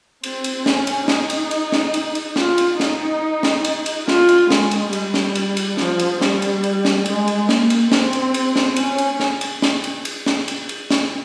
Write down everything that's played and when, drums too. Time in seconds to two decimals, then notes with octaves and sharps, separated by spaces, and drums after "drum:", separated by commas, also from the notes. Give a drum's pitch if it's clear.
0.24 C4, drum: cymbal
0.44 drum: cymbal
0.66 C#4, drum: snare
0.87 drum: cymbal
1.08 D#4, drum: snare
1.30 drum: cymbal
1.51 drum: cymbal
1.72 drum: snare
1.94 drum: cymbal
2.15 drum: cymbal
2.36 F4, drum: snare
2.58 drum: cymbal
2.80 D#4, drum: snare
3.43 drum: snare
3.65 drum: cymbal
3.86 drum: cymbal
4.08 F4, drum: snare
4.29 drum: cymbal
4.51 G#3, drum: snare
4.71 drum: cymbal
4.93 G3, drum: cymbal
5.14 drum: snare
5.35 drum: cymbal
5.57 drum: cymbal
5.77 F3, drum: snare
5.99 drum: cymbal
6.21 G3, drum: snare
6.42 drum: cymbal
6.63 drum: cymbal
6.85 drum: snare
7.06 G#3, drum: cymbal
7.28 drum: cymbal
7.49 A#3, drum: snare
7.70 drum: cymbal
7.92 C4, drum: snare
8.13 drum: cymbal
8.34 drum: cymbal
8.56 drum: snare
8.76 C#4, drum: cymbal
8.98 drum: cymbal
9.20 drum: snare
9.41 drum: cymbal
9.62 drum: snare
9.84 drum: cymbal
10.05 drum: cymbal
10.26 drum: snare
10.48 drum: cymbal
10.69 drum: cymbal
10.90 drum: snare